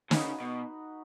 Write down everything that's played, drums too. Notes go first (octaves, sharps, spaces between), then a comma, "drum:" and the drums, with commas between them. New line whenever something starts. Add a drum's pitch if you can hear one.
C#3 D#4 F#4 B4, drum: snare
B2